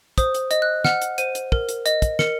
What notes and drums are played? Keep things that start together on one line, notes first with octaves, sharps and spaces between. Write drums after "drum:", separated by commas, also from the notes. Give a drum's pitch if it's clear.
C5 D#6, drum: kick, hi-hat
drum: hi-hat
D#5, drum: hi-hat
F#6
F#5 F6, drum: snare
drum: hi-hat
C5 D#7, drum: hi-hat
drum: hi-hat
A#4, drum: kick
drum: hi-hat
D#5, drum: hi-hat
drum: kick, hi-hat
A#4 C#7, drum: snare